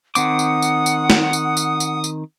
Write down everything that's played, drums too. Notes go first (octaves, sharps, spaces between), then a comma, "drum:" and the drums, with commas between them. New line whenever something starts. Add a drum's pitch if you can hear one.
D#3 C4 F#5 D6 D#6, drum: tambourine
drum: tambourine
drum: tambourine
drum: tambourine
drum: snare
drum: tambourine
drum: tambourine
drum: tambourine
drum: tambourine